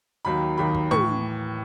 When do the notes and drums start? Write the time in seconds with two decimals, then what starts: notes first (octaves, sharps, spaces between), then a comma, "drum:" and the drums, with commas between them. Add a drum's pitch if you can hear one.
0.25 D#2 D#3 F#3 B5
0.58 D#2 D#3 F#3 B5
0.75 drum: kick
0.91 A2 E3 C#6, drum: tom